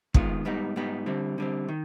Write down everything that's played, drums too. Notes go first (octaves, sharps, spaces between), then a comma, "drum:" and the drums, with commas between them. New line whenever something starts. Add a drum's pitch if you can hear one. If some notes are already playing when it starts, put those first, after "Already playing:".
D#3 G#3 B3 F4, drum: kick
G#2 G3 B3 D#4
G#2 G3 B3 D#4
D3 G3 C4
D3 G3 C4
D#3